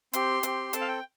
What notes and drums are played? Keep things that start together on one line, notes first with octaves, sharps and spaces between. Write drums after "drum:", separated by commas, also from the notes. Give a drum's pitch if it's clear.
C4 G4 C6, drum: hi-hat
C4 G4, drum: hi-hat
C4 A4 A5, drum: hi-hat
F5
G5